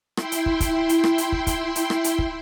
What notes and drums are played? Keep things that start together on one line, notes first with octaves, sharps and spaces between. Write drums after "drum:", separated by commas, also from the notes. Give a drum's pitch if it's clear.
E4 G5 C6, drum: rim click
drum: hi-hat
drum: kick
drum: kick, hi-hat
drum: hi-hat
drum: rim click
drum: hi-hat
drum: kick
drum: kick, hi-hat
drum: hi-hat
drum: rim click
drum: hi-hat
drum: kick